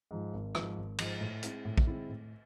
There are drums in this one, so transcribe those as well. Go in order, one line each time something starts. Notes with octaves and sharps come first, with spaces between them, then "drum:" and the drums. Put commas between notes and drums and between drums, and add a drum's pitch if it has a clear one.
G#2 F3
G#1
G#2 F3, drum: rim click
G#1
G#2 F3, drum: cymbal
A2
G#3 C4 E4, drum: hi-hat
A2
drum: kick A#1
G#3 C4 E4
A2